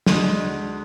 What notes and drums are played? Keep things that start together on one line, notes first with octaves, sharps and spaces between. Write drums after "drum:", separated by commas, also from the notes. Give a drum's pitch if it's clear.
D2 D3 G#3, drum: snare